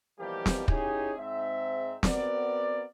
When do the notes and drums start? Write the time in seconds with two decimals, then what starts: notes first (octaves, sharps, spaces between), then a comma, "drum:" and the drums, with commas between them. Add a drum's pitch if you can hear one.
0.19 B2 E3 F3 G3 A#3 G4
0.46 drum: snare
0.68 C#4 D#4 E4 G4 G#4, drum: kick
1.17 G#2 C4 E5
2.03 B3 C4 F#4 A#4 D5, drum: snare